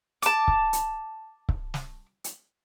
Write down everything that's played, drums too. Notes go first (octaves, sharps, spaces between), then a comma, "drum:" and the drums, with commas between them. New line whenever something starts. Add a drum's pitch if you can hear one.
A5 D6, drum: hi-hat
drum: kick C#1
drum: hi-hat
drum: kick C#1
drum: snare
drum: hi-hat